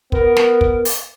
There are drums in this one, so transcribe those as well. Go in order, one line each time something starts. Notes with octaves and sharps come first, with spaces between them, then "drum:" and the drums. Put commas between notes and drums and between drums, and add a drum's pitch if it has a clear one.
B3 A#4, drum: kick
drum: snare
drum: kick
drum: open hi-hat